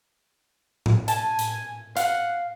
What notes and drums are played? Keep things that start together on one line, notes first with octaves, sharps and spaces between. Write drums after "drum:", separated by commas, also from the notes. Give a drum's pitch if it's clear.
drum: tom A2
G#5 A5, drum: hi-hat
drum: hi-hat
F5 F#5, drum: hi-hat